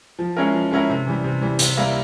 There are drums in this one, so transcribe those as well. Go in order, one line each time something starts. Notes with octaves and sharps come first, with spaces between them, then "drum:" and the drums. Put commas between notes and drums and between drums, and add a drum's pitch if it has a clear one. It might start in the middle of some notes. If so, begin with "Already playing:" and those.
F3
G#3 C#4 E4 A#4
F3
G#3 C#4 E4 A#4
C3
E3 G3
C3
E3 G3
C3, drum: hi-hat
G3 A#3 E4 A#4